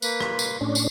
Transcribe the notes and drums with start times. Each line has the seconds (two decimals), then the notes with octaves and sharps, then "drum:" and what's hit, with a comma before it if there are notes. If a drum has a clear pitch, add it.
0.02 A#3 B4, drum: tambourine
0.21 drum: rim click
0.39 drum: tambourine
0.61 A2 C#4 D4
0.75 drum: tambourine